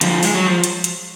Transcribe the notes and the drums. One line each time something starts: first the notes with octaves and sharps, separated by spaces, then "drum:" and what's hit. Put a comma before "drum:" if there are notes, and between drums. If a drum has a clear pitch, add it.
D3 F3, drum: hi-hat
G#3, drum: open hi-hat
F#3
F3
drum: hi-hat
drum: hi-hat